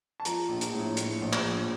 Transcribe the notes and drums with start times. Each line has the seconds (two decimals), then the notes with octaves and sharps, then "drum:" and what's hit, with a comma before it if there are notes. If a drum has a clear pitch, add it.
0.20 A5
0.25 F3 A#5, drum: hi-hat
0.49 A#1
0.61 drum: hi-hat
0.73 A2
0.97 A2, drum: hi-hat
1.22 A#1
1.33 drum: clap
1.45 A#1